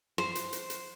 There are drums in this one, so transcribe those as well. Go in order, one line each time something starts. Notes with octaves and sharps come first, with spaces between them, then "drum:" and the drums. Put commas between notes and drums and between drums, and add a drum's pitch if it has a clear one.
C5, drum: rim click
drum: hi-hat
drum: hi-hat
drum: hi-hat